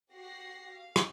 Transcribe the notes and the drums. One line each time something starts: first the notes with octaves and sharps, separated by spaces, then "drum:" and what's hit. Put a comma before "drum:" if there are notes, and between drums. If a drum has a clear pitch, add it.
F#4 G4 F#5 A#6 C7
F5
drum: rim click